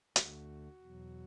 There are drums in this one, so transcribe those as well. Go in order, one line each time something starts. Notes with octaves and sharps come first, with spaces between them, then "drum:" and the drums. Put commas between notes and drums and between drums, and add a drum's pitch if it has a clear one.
D2 D3 A3 F#4, drum: hi-hat
E2 B2 F#3